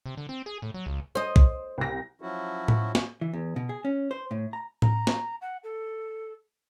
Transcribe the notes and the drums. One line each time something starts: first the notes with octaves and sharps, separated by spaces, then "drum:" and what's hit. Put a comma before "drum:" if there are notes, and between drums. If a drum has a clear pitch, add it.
C3
D3
C4
G#4
A2
F#3
C#2
C5 D#5
drum: kick
C2 A#6
F3 F#3 C#4 E4 F#4
drum: tom A2
drum: snare
E3
E2
B2
G#4
C#4
C5
A2
A#5
A#5, drum: tom A2
drum: snare
F#5
A4